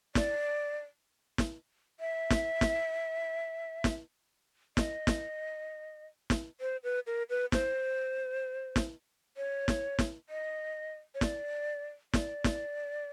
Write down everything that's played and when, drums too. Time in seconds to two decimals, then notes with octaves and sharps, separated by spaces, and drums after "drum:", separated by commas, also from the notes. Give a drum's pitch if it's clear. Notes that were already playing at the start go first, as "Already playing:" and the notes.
0.15 D5, drum: snare
1.38 drum: snare
2.00 E5
2.30 drum: snare
2.61 drum: snare
3.84 drum: snare
4.77 D#5, drum: snare
5.07 drum: snare
6.30 drum: snare
6.61 C5
6.84 B4
7.07 A#4
7.30 B4
7.52 C5, drum: snare
8.76 drum: snare
9.37 C#5
9.68 drum: snare
9.99 drum: snare
10.29 D#5
11.15 C#5
11.21 D5, drum: snare
12.14 D5, drum: snare
12.44 drum: snare